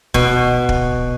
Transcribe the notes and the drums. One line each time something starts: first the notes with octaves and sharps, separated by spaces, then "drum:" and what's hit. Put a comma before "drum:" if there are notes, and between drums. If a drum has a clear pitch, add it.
B2, drum: kick
drum: kick